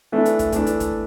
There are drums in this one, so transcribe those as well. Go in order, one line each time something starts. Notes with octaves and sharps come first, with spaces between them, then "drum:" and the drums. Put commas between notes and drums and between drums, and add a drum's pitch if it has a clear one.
E3 A3 D4
drum: hi-hat
drum: kick, hi-hat
E3 A3 D4, drum: kick, hi-hat
drum: hi-hat
drum: kick, hi-hat